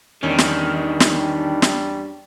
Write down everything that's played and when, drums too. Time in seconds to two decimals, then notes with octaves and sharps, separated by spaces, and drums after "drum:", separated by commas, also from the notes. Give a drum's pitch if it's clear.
0.23 E2 D#3 G3 C#4 D4
0.38 drum: snare
1.00 drum: snare
1.62 drum: snare